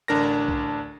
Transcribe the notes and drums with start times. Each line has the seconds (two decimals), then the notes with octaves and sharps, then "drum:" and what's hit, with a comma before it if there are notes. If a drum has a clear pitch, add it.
0.08 A1 D3 D4 A#4 A#6
0.48 drum: kick B1